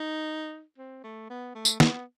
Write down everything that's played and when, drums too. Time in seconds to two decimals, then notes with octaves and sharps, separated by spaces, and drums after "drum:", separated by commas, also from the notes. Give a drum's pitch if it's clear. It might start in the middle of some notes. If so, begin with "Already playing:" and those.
Already playing: D#4
0.78 C4
1.04 A3
1.30 B3
1.55 A3
1.65 drum: tambourine
1.80 B3, drum: snare